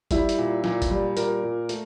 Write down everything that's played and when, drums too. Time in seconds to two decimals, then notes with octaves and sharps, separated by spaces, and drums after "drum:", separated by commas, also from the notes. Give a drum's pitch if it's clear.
0.11 G3 E4, drum: kick F#1, hi-hat
0.29 drum: hi-hat
0.38 A#2
0.64 A#2, drum: snare
0.82 drum: kick F#1, hi-hat
0.91 G3
1.17 A#2 A#4, drum: hi-hat
1.43 A#2
1.69 A3, drum: hi-hat